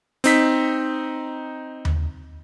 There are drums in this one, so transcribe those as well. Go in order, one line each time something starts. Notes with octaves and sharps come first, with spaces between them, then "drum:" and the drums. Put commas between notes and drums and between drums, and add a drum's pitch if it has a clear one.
C4 D#4 B6, drum: hi-hat
drum: tom D#2